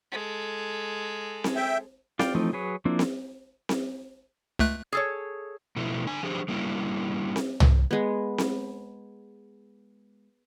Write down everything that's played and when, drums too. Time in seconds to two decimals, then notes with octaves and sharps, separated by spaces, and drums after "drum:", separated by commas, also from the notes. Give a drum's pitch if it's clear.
0.12 G#3 A4
1.44 drum: snare C4
1.56 E5 G5
2.19 F4 D5 F5 G5, drum: snare C4
2.35 E3 F3 A3 C4 D#4
2.53 F#3 G#4 B4 C#5
2.85 F3 A#3 C4 D4 E4
2.99 drum: snare C4
3.69 drum: snare C4
4.59 C#2 A3 F#6
4.93 G#4 A4 C#5
5.76 B2 F3 A3 E4
6.07 D3 D4 G#5
6.23 F3 D4 G4 G#4 C5
6.48 G3 A#3 C#4 E4
7.36 drum: snare C4
7.60 drum: tom
7.91 G#3 B3
8.38 drum: snare C4